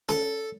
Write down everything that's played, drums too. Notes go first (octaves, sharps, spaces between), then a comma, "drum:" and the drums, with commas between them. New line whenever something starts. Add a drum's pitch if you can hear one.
A4, drum: snare C#4